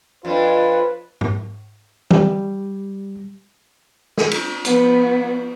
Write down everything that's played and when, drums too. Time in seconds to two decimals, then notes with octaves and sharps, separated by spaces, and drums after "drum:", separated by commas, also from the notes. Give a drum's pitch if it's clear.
0.25 F2 D4 F4 B4
1.21 drum: tom
2.11 G3, drum: tom E3
4.18 drum: snare
4.31 drum: cymbal
4.65 F3 B3, drum: hi-hat